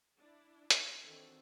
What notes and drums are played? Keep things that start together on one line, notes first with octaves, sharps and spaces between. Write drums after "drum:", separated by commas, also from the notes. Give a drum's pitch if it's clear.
D4 E4
drum: hi-hat
D#3 E3 C4 D4 F#4 A4